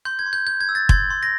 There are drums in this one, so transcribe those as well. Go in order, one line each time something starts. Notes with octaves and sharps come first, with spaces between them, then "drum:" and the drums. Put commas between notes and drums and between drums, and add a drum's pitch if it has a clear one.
C6 G6
G#6
C6
G6
G6
G#6
E6
A6
C6 G#6, drum: kick
C6
A#6